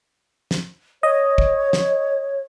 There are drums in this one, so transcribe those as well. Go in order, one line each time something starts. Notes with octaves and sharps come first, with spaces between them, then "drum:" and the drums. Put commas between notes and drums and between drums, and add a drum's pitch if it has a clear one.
drum: snare
C#5 D#5
drum: kick
drum: snare